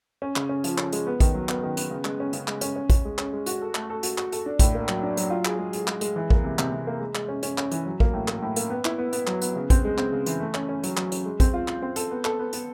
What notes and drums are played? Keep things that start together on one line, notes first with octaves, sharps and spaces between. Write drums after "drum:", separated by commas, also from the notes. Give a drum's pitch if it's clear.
C#4
C#3, drum: clap
C#4
F3, drum: hi-hat
C#4, drum: clap
G#3, drum: hi-hat
B3
D#3, drum: kick A1, hi-hat
F#3
B3, drum: clap
D#3
B3, drum: hi-hat
C#3
G#3, drum: clap
C#4
C#3, drum: hi-hat
G#3, drum: clap
C#4, drum: hi-hat
C#4
C#4, drum: kick A1, hi-hat
G#3
C#4, drum: clap
G#3
F#4, drum: hi-hat
A4
A3, drum: clap
A4
F#4, drum: hi-hat
F#4, drum: clap
A4, drum: hi-hat
D4
A2, drum: kick A1, hi-hat
A#3
F#3, drum: clap
D4
F#3, drum: hi-hat
F4
G#4, drum: clap
G#3
G#4, drum: hi-hat
G#3, drum: clap
G#3, drum: hi-hat
E3
A#3, drum: kick A1
C3
C3, drum: clap
C3
A#3
G#3
G#3, drum: clap
C#4
C#4, drum: hi-hat
C#4, drum: clap
E3, drum: hi-hat
F#3
A#3, drum: kick A1
A2
A#3, drum: clap
A2
A#3, drum: hi-hat
B3
E4, drum: clap
B3
B3, drum: hi-hat
F#3, drum: clap
B3, drum: hi-hat
C#3
C4, drum: kick A1, hi-hat
G#3
C4, drum: clap
C#3
E3, drum: hi-hat
A3
C#4, drum: clap
C#4
F#3, drum: hi-hat
F#3, drum: clap
C#4, drum: hi-hat
G#3
C4, drum: kick A1, hi-hat
F4
F4, drum: clap
C4
A4, drum: hi-hat
B3
A4, drum: clap
B3
B3, drum: hi-hat